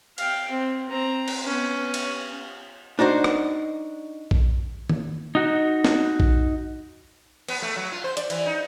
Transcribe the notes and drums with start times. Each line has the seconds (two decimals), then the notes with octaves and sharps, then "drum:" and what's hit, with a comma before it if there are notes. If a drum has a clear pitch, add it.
0.18 F5 G5, drum: cymbal
0.50 C4
0.89 C4 A#5
1.28 drum: cymbal
1.45 B3 C#4
1.94 drum: cymbal
2.99 D4 D#4 F#4 C5
3.24 drum: rim click
4.31 drum: kick
4.90 drum: tom D#3
5.35 D#4 F#4
5.84 drum: snare
6.20 drum: kick
7.48 B3, drum: cymbal
7.62 A3
7.76 F#3
7.92 F4
8.04 C5
8.17 D5, drum: hi-hat
8.30 E3, drum: cymbal
8.46 D#4